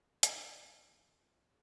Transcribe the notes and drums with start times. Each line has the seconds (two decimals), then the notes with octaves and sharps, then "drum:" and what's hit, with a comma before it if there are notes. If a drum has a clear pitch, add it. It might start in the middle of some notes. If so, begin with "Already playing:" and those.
0.23 G2 A#3 C4, drum: hi-hat
0.56 G2 E4 F#4
0.64 D#4 F4
0.73 D4 E4
0.81 C#4 D#4
0.89 G#2 C4 D4
1.22 F2 B3 C#4